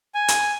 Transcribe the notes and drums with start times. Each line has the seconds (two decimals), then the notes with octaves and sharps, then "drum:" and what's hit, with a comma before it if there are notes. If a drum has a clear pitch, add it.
0.15 G#5
0.28 drum: hi-hat